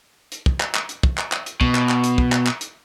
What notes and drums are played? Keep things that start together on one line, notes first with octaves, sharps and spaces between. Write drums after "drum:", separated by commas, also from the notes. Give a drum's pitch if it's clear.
drum: hi-hat
drum: kick
drum: clap
drum: clap
drum: hi-hat
drum: kick
drum: clap
drum: clap
drum: hi-hat
B2, drum: kick
drum: clap
drum: clap
drum: hi-hat
drum: kick
drum: clap
drum: clap
drum: hi-hat